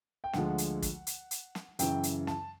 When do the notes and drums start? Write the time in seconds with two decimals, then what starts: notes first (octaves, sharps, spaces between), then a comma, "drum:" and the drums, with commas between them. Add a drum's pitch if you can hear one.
0.24 G5
0.33 D2 D3 F3 G#3 F#5, drum: snare
0.58 drum: hi-hat
0.82 drum: kick, hi-hat
1.07 drum: hi-hat
1.31 drum: hi-hat
1.55 drum: snare
1.79 F#2 C#3 E3 G5, drum: hi-hat
2.03 drum: hi-hat
2.27 A5, drum: snare